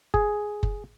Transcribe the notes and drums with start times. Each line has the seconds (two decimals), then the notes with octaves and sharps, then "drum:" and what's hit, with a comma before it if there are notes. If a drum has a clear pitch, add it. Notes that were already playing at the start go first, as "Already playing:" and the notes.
0.14 G#4, drum: kick F#1
0.63 drum: kick F#1